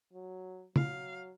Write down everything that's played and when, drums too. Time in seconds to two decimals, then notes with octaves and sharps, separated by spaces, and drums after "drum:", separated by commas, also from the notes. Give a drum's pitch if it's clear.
0.13 F#3
0.76 F#3 F5, drum: tom